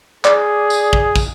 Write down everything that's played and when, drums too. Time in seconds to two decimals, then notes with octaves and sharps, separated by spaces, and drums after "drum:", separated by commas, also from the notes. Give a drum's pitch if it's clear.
0.25 G#4 D5, drum: clap
0.70 drum: tambourine
0.93 drum: kick
1.16 drum: kick, tambourine